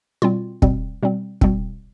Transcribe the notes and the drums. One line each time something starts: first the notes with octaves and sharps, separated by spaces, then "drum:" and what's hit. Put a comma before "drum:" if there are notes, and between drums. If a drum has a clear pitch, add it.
B2 G3 C4 F4
B2 G3 C4, drum: kick
B2 G3 C4
B2 G3 C4, drum: kick